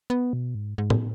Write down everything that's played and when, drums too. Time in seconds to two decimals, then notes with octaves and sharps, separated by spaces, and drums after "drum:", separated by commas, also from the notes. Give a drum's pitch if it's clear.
0.10 B3
0.33 B2
0.55 G#2
0.78 G#2
0.90 drum: tom A2